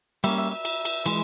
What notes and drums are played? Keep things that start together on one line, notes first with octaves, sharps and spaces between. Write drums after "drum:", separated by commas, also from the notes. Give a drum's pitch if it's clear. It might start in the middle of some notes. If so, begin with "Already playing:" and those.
G3 A#3 C#4 E5, drum: cymbal
E5
E5
drum: cymbal
drum: cymbal
E3 G#3, drum: cymbal